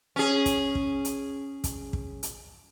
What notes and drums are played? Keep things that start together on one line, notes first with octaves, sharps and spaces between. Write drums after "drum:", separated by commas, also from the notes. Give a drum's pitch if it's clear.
C#4 G#4
drum: kick, hi-hat
drum: kick
drum: hi-hat
drum: kick, hi-hat
drum: kick
drum: hi-hat